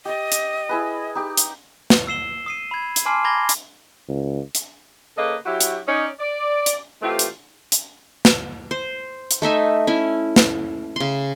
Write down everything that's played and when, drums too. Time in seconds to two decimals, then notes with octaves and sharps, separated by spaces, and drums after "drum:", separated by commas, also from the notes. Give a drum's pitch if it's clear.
0.05 G4 D5 D#5
0.32 drum: hi-hat
0.69 E4 G#4 B4
1.15 D#4 G4
1.37 drum: hi-hat
1.90 drum: snare
2.07 E6 C7 E7 G7
2.46 D#6 C7 D#7
2.71 B5 G#6
2.96 drum: hi-hat
3.05 G#5 A5 C6 D6 F6 C7
3.24 A#5 B5 D6 G#6 A#6 G7
3.49 drum: hi-hat
4.09 C#2
4.55 drum: hi-hat
5.17 C#3 A#3 A4 B4 D#5
5.46 F#3 E4 F#4 G4
5.60 drum: hi-hat
5.87 C#4 D#4 D5
6.19 D5
6.66 drum: hi-hat
7.02 B2 E3 A3 C4 F4 G4
7.19 drum: hi-hat
7.72 drum: hi-hat
8.25 drum: snare
8.71 C5
9.31 drum: hi-hat
9.42 A3 D#4 E5 G#5
9.87 C#4 E4
10.36 drum: snare
10.96 C#3 C6